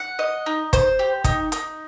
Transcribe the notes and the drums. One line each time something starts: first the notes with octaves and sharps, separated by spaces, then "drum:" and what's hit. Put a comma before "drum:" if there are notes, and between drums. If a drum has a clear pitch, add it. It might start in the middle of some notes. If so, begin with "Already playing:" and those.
Already playing: F#5
D#5
D#4
C5, drum: kick, hi-hat
G4
D#4, drum: kick, hi-hat
D#4, drum: hi-hat